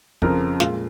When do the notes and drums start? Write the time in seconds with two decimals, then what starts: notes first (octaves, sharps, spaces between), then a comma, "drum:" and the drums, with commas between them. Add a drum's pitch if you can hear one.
0.22 F2 C#3 F3 A#4, drum: kick
0.60 A#2 G#3 F4, drum: snare